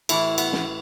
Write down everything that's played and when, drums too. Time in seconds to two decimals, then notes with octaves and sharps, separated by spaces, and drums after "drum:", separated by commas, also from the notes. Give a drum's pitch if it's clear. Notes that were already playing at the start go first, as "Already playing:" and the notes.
0.09 A2 E3 E4, drum: cymbal
0.38 B3, drum: cymbal
0.53 drum: snare